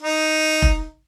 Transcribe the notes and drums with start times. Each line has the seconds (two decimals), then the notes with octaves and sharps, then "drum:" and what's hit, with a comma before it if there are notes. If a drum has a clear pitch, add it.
0.02 D#4
0.62 drum: kick F1